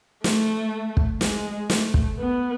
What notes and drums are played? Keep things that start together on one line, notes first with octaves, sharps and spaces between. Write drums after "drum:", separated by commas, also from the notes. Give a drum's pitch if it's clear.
A3, drum: snare
drum: kick
G#3, drum: snare
A3, drum: snare
drum: kick
B3